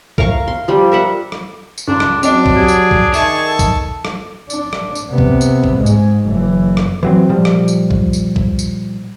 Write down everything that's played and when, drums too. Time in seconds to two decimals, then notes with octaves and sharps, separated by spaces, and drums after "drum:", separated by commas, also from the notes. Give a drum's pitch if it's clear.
0.18 A#4 F5 A#5 C#6, drum: kick B1
0.48 C6
0.68 F3 G3
0.92 A#4 E5 F#5
1.32 drum: rim click
1.78 drum: tambourine
1.88 C#2 D4 C6
2.00 drum: rim click
2.23 F#3 C4 D4 D5 D#5 D6, drum: tambourine
2.46 drum: kick B1
2.56 G4 G#4
2.68 drum: tambourine
2.91 drum: kick B1
3.14 D#3 E5 A5 C#6, drum: tambourine
3.47 A4
3.59 drum: kick B1, tambourine
4.05 drum: rim click
4.50 D4, drum: tambourine
4.73 drum: rim click
4.95 drum: tambourine
5.08 C3 B3
5.18 drum: kick B1
5.41 drum: tambourine
5.64 drum: kick B1
5.77 G#2 G#3
5.86 drum: tambourine
6.25 F#1 E3
6.77 drum: rim click
7.03 E3 F#3 C4
7.29 A#2 F3 G3
7.45 drum: rim click
7.68 drum: tambourine
7.91 drum: kick B1
8.13 drum: tambourine
8.36 drum: kick B1
8.59 drum: tambourine